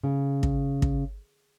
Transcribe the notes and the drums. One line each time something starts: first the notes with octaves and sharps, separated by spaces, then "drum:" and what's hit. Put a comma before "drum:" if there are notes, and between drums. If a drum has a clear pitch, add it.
C#3
drum: kick
drum: kick